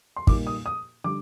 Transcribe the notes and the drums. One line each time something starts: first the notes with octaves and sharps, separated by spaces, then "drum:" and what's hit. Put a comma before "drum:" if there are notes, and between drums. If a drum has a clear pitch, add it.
C6
A#2 G3 A#3 D#4 D6, drum: kick
D#6
D#6
D3 G3 D6